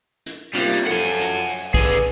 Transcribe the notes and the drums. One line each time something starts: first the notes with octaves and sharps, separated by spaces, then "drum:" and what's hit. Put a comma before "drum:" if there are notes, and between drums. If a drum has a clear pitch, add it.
drum: hi-hat
C3 G3 A#3 F4, drum: cymbal
F3 F#3 A4 F#5 G#5
drum: hi-hat
drum: open hi-hat
D3 G#4 B4, drum: kick